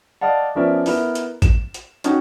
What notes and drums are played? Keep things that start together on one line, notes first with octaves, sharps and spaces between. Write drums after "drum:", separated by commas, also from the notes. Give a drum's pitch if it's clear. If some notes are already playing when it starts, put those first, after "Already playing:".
D5 D#5 F5 F#5 A5
F3 B3 C#4 A#4 D5 E5
B3 E4 A#4, drum: open hi-hat
drum: hi-hat
E7, drum: kick A1, hi-hat
drum: hi-hat
C#4 D#4 F#4 G5, drum: hi-hat